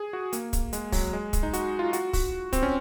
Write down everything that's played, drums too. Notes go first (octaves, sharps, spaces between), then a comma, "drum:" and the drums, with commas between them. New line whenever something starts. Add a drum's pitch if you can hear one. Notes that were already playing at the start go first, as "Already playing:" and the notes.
Already playing: G#4
F#4
A#3, drum: hi-hat
drum: kick, hi-hat
G#3, drum: hi-hat
F#3, drum: kick, open hi-hat
G#3
drum: kick, hi-hat
D#4
F#4, drum: hi-hat
F4
F#4, drum: hi-hat
F#4, drum: kick, open hi-hat
C4, drum: kick, hi-hat
C#4